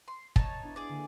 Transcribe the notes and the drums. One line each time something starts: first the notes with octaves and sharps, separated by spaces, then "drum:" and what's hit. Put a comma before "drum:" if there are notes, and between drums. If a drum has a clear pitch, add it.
C6
D#4 C#5 A5, drum: kick
B3 D4 E4
G#4 D5
D3 A#3 A4